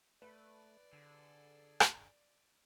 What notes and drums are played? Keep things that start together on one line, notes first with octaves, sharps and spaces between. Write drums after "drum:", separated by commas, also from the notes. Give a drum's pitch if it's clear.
A3 B4 D5
D3 G#4 A4
drum: rim click